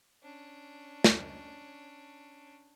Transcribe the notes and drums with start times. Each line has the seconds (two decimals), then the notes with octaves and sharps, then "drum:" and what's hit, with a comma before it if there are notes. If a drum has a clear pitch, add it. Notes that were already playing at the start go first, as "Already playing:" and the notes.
0.23 C#4 D4
1.04 drum: snare